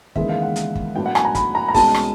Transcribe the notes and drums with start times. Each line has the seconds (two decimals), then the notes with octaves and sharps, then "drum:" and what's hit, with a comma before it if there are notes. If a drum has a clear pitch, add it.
0.16 D#2 C#3 E3 G#3 B3 E5, drum: kick
0.29 F5
0.42 F#5
0.56 drum: hi-hat
0.75 drum: kick
0.95 A2 F#3 B3 D4 G5
1.06 F#5
1.15 G#5, drum: rim click
1.25 A#5
1.35 B5, drum: kick, hi-hat
1.55 A#5
1.69 A#5
1.74 C2 B2 G#3 C#4 A5, drum: kick, open hi-hat
1.94 drum: rim click